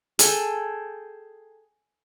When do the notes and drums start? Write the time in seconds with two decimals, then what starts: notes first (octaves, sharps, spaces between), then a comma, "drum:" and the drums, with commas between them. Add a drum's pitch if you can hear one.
0.19 G#4 A4 G5, drum: hi-hat